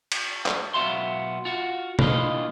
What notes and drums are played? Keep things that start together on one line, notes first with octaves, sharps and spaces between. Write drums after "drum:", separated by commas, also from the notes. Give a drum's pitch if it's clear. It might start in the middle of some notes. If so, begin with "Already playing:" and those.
drum: cymbal
drum: clap
B1 B3 F#4 E5 F5 C6
F4 F#4
E3 A#3 D4 F4 D#5, drum: tom